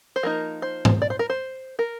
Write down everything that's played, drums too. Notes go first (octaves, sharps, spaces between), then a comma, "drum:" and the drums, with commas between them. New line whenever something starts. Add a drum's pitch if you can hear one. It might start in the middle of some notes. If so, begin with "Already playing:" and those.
C5
F3 A#3 D#4 A#4
C5
drum: tom G#2
D5
C5
A#4
C5
A#4